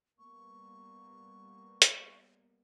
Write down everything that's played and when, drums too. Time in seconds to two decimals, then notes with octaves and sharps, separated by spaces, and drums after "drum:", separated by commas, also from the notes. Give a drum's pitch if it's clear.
0.19 G3 A#3 B3 C#6
1.82 drum: hi-hat